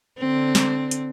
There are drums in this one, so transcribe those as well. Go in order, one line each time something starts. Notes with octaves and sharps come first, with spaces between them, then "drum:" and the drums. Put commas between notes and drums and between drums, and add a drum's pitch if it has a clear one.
D3 C4
drum: snare
drum: hi-hat